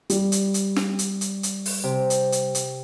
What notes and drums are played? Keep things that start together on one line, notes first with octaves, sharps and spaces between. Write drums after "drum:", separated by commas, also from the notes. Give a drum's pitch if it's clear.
G3, drum: hi-hat
drum: hi-hat
drum: hi-hat
drum: snare
drum: hi-hat
drum: hi-hat
drum: hi-hat
drum: open hi-hat
C3
drum: hi-hat
drum: hi-hat
drum: hi-hat